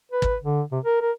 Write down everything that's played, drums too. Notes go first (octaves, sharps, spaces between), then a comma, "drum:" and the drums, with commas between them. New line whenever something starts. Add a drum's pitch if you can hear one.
B4
drum: kick
D3
C3
A#4
A#4